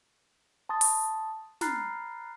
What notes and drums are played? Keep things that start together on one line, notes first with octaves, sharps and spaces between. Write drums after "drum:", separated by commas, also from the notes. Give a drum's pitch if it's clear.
A5 C6 D#6 A6
drum: open hi-hat
A#5 B5 F6 F#6 A6 C7, drum: snare